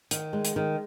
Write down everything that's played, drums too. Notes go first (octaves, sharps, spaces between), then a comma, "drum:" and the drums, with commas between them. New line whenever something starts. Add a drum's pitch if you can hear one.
D#3, drum: hi-hat
G#3
drum: hi-hat
D#3